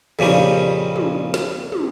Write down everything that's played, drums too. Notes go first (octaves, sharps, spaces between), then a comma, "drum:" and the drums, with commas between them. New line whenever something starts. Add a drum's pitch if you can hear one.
F2 A#2 C#3 G3, drum: tom
drum: tom
drum: snare
drum: tom